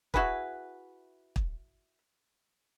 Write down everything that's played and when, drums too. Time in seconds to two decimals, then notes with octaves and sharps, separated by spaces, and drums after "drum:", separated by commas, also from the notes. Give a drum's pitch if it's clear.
0.14 E4 F#4 G#4 B4, drum: kick
1.36 drum: kick